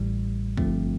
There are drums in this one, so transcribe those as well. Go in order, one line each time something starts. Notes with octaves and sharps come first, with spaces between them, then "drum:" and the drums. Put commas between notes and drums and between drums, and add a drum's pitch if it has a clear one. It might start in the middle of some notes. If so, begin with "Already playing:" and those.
Already playing: A1 A2 G3
G1 G2 F3 A3 C4, drum: kick B1